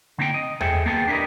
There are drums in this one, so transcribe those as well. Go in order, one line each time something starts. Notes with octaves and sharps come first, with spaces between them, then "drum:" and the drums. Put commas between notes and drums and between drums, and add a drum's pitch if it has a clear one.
D3 A#3 C4 D#4 E4 G5
D#5
G#4 A4 C5 E5 G5, drum: tom E2
D#2 A#3 B3 G#4 G5 A5
D4 E4 G4 G#4 A#4 D#5